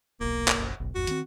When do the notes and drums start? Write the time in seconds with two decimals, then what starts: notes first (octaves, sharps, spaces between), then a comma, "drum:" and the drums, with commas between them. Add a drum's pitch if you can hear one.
0.21 D#1 B1 A#3
0.48 drum: clap
0.58 F#1 B1
0.80 F#1 B1
0.95 G1 E2 G#2 F#4
1.07 D#3 C4, drum: hi-hat